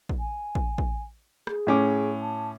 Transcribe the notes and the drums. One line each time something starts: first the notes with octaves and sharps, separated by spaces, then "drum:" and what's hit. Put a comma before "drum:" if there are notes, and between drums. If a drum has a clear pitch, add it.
drum: kick
G#5
drum: kick
drum: kick
G#4, drum: rim click
A2 C#4 D6
A5